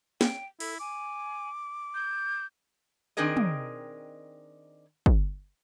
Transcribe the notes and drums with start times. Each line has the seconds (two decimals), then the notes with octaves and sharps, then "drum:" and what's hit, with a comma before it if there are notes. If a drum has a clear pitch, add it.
0.21 G5, drum: snare
0.60 E4 A4, drum: open hi-hat
0.80 G#5 D6
1.94 G6
3.17 D#3 C4 D4 G#4 A#4 D#5
3.37 drum: tom
5.06 drum: kick